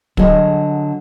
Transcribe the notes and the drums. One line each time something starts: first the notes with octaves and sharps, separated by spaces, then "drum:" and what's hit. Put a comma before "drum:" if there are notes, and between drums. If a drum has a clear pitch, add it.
D3 F#3 G#4 D#5, drum: kick